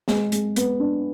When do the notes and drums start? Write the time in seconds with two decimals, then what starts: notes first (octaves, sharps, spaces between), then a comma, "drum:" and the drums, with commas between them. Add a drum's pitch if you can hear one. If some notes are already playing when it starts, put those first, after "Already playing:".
0.08 G#3, drum: snare
0.32 G#3, drum: hi-hat
0.56 B3, drum: hi-hat
0.80 D4